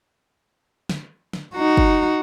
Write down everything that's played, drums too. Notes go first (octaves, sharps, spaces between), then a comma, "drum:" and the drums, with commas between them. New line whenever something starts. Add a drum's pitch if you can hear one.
drum: snare
drum: snare
D#4 F#4
drum: kick